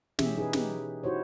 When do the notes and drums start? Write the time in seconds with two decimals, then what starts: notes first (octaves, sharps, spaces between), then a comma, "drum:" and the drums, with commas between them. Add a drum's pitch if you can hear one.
0.19 B2 E3 C#4 G4 G#4 E5, drum: snare
0.36 D#4 G#4 B4
0.53 D#4 G4 G#4, drum: snare
1.03 D#4 E4 F#4 G4 C5 C#5